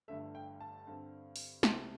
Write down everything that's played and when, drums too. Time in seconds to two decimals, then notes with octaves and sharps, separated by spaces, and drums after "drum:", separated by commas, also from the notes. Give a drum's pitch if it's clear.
0.08 G1 G2 D3 A3 E5
0.35 G5
0.60 A5
0.87 G2 D3 C4
1.36 drum: open hi-hat
1.63 A5, drum: snare
1.68 C2 C3 A3 C4 C6